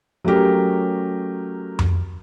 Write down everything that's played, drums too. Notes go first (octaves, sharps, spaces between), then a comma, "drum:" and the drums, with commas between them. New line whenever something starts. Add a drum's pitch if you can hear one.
F#3 A3 C#4 G4 A#4
drum: tom F2